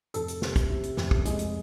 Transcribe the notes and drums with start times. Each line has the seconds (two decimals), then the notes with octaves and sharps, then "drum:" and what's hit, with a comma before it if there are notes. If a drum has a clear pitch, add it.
0.14 F1 A4, drum: hi-hat
0.28 drum: hi-hat
0.42 C3, drum: snare
0.56 drum: kick, hi-hat
0.70 C3
0.83 drum: hi-hat
0.97 F1, drum: snare
1.11 drum: kick
1.25 G#3, drum: hi-hat
1.39 drum: hi-hat